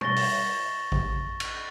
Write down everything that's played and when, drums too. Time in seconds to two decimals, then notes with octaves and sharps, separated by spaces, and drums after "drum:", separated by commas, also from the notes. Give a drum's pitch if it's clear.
0.01 C#6 A6 A#6 G7, drum: tom B2
0.16 drum: open hi-hat
0.92 drum: kick A1
1.40 drum: cymbal